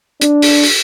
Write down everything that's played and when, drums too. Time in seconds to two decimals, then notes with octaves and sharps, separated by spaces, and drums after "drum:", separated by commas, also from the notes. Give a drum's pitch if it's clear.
0.21 D4, drum: hi-hat
0.42 drum: open hi-hat
0.63 drum: open hi-hat